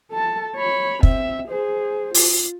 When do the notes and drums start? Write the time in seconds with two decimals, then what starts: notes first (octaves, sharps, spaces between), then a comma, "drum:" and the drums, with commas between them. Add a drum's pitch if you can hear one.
0.11 A4 A5
0.56 C#5 B5
1.03 C4 E5, drum: kick
1.48 G#4 C5
2.14 F4, drum: open hi-hat